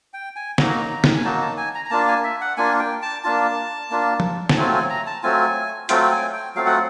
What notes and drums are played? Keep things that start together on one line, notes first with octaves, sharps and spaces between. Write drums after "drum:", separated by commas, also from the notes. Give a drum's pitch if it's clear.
G5
G#5
F#3 A#3 D#4 F#4 A#5, drum: snare
drum: snare
G#5
F#3 A#3 D#4 F#4 A5
A5
G#5
A#5
A#5
A#3 D4 F4 A5
G#5
E5
F#5
A#3 D4 F4 G#5
G5
A5
A#3 D4 F4 A5
A#3 D4 F4
drum: tom F3
A5, drum: snare
F#3 A3 C4 F4 G#5
G#5
A#5
A5
F#3 A3 C4 F4 G#5
F#3 A3 C4 F4 G5, drum: hi-hat
G5
G#5
G5
F#3 A3 C4 F4 F5
F#5